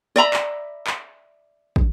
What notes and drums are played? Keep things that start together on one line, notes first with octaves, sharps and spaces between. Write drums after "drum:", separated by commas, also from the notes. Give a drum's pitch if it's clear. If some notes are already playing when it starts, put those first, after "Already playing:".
D5 E5 A#5 B5
drum: clap
drum: clap
drum: kick